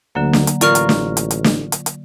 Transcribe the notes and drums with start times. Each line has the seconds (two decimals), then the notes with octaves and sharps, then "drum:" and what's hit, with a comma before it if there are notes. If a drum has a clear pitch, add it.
0.15 D2 D3 F#3 A#3
0.33 drum: snare
0.47 drum: hi-hat
0.61 A1 F4 A#4 D5 C#6 F6, drum: hi-hat
0.75 drum: hi-hat
0.89 drum: snare
1.17 drum: hi-hat
1.31 drum: hi-hat
1.44 drum: snare
1.72 drum: hi-hat
1.86 drum: hi-hat